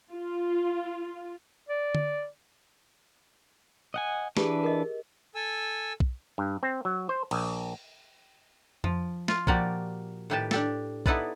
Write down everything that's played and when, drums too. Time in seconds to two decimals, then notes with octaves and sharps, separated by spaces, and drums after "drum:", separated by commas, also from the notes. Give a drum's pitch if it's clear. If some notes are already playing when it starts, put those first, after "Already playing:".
0.12 F4
1.69 D5
1.95 drum: tom D3
3.94 D#5 F#5 G#5
4.37 E3 D4 G4 G#4 B4, drum: snare
4.63 A#4 D#5
5.35 A4 G#5 E6
6.00 drum: kick B1
6.38 G2
6.63 C4
6.85 F#3
7.09 C5
7.31 A#1, drum: cymbal
8.84 F3, drum: tom F2
9.28 F4, drum: snare
9.47 A#2 F3 A#3 F#4 G4 D5, drum: kick B1
10.30 A2 D#3 G4 B4 G5 A5
10.51 D4 G4 A4, drum: snare
11.06 B3 D#4 E4 A4 B4 D5, drum: kick B1